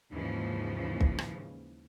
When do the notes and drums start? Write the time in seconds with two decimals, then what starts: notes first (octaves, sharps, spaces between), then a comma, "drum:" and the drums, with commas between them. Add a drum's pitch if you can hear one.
0.11 D#2 G#2 C#3 E3 F3
1.01 drum: kick
1.18 drum: rim click